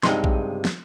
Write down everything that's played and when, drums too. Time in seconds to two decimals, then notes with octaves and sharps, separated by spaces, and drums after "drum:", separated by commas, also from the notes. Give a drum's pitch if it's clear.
0.03 C#2 G2 C3 G#3 D#4 C6, drum: snare
0.24 drum: kick A#1
0.65 drum: snare